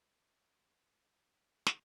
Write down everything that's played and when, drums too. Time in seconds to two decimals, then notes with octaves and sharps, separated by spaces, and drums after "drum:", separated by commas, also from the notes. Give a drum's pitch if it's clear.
0.13 C#6
0.43 F#5
0.90 B4 C5 C6
1.26 D5 F#5 C#6
1.67 drum: snare